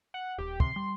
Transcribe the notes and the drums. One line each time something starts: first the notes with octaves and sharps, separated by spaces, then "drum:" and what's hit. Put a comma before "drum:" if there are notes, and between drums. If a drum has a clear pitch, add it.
F#5
D#1 G4
C3 C6, drum: kick
G3